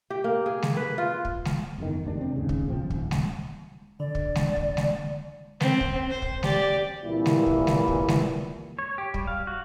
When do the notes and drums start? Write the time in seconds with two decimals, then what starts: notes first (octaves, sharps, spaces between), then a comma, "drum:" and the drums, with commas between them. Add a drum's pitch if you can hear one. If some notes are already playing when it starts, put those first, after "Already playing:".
0.10 G4
0.24 A#3
0.46 G#4
0.62 drum: snare G#3
0.77 B4
0.98 F4
1.25 drum: kick
1.45 drum: snare G#3
1.78 F#1 E2 D#3
2.04 F1 D#2 C3 D4
2.17 C3 C4
2.36 D#2 G#2 C#3
2.49 drum: kick
2.67 A#2 C#3 F3 C4
2.80 D#1
2.90 drum: kick
3.11 drum: snare G#3
4.00 D3 D5
4.15 drum: kick
4.35 drum: snare G#3
4.56 drum: kick
4.77 drum: snare G#3
5.60 C4, drum: snare G#3
5.81 drum: kick
6.10 C5
6.22 drum: kick
6.43 G4 D5, drum: snare G#3
7.05 C2 A#2 E3 E4
7.26 drum: snare G#3
7.46 drum: kick
7.67 drum: snare G#3
7.88 drum: kick
8.08 drum: snare G#3
8.79 C#5
8.98 G4
9.14 G3, drum: kick
9.27 F5
9.47 F#4